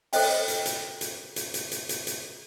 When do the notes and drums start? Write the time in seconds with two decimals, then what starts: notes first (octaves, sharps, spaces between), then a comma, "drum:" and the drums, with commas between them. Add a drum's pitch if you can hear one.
0.13 A4 C5 D#5 G5, drum: open hi-hat
0.48 drum: hi-hat
0.66 drum: hi-hat
1.01 drum: hi-hat
1.36 drum: hi-hat
1.54 drum: hi-hat
1.72 drum: hi-hat
1.89 drum: hi-hat
2.07 drum: hi-hat